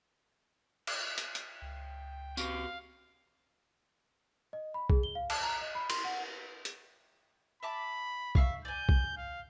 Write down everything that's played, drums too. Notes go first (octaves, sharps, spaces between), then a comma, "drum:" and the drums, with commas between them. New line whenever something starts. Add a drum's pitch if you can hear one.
drum: cymbal
drum: hi-hat
drum: hi-hat
C#2 G5
C4 F#4 G4 F5, drum: tambourine
D#5
B5
G#4, drum: kick B1
G7
F5
A5, drum: cymbal
A#5
D#5
B5
C6, drum: cymbal
F#5
drum: hi-hat
E5 A5 B5 D6
E5 F5 C#6, drum: kick B1
D5 G#5 G6
drum: kick B1
F5